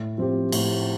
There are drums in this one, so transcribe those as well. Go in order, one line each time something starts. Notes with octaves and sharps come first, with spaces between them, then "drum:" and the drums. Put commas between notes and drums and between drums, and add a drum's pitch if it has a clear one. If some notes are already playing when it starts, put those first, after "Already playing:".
Already playing: A2
F3 C4 G4
A2, drum: cymbal